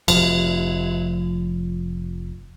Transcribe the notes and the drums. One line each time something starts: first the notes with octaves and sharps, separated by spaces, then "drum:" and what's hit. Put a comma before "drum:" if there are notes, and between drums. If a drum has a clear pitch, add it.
F1 F3, drum: cymbal